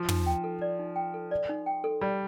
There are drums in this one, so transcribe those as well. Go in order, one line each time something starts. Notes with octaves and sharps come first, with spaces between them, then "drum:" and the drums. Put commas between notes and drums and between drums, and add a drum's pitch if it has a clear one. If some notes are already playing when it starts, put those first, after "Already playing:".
Already playing: F3
D#4, drum: tom
G5
A4
D5
D#4
G5
A4
D5
D#4
G5
A4
G3 D5